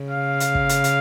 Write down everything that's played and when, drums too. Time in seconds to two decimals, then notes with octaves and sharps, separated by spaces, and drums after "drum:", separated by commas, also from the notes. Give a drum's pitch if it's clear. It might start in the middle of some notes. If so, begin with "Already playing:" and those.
Already playing: C#3
0.11 F5
0.40 drum: hi-hat
0.55 drum: kick
0.69 drum: hi-hat
0.84 drum: hi-hat